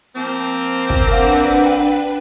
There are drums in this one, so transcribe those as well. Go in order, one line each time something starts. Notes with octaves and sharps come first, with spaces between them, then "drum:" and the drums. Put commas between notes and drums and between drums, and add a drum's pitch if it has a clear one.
F3 A#3 C4
drum: kick
D4 A#4 B4 F5 F#5
G5